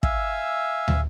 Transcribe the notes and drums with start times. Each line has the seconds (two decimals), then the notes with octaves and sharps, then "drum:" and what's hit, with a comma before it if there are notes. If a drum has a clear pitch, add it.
0.03 E5 F5 G#5 E6, drum: kick
0.88 drum: tom